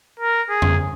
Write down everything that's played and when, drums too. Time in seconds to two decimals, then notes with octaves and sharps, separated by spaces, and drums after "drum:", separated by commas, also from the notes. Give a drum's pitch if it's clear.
0.20 A#4
0.50 G#4
0.62 drum: tom F2